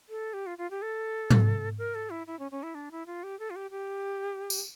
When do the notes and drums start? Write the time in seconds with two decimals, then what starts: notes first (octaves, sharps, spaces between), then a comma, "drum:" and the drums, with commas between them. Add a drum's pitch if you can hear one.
0.09 A4
0.33 G4
0.46 F4
0.58 F4
0.71 G4
0.82 A4
1.31 drum: tom G#2
1.78 A#4
1.95 A4
2.10 E4
2.27 E4
2.39 C#4
2.51 C#4
2.63 E4
2.75 D4
2.92 E4
3.06 F4
3.23 G4
3.39 A4
3.50 F4
3.56 G4
3.71 G4
4.50 drum: tambourine